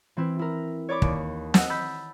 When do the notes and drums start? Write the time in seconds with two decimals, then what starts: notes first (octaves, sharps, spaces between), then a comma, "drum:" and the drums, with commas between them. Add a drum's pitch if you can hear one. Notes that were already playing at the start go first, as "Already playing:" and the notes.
0.17 E3 C4 E4
0.39 E4 A#4
0.89 C#5 D5 B5 D6
1.02 D#2, drum: kick
1.54 D#5 F#5 A5 E6, drum: snare
1.70 B5 E6 G6 A6 B6